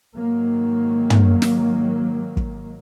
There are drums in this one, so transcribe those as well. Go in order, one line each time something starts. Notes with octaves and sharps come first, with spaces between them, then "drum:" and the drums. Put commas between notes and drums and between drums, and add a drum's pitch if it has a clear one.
G#2 D#3 F#3 A#3
drum: tom
drum: snare
drum: kick